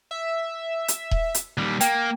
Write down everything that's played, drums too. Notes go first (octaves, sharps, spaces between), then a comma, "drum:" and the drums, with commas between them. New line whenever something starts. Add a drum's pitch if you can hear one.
E5
drum: hi-hat
drum: kick D#1
drum: hi-hat
D#2 G3
A#3 G5, drum: hi-hat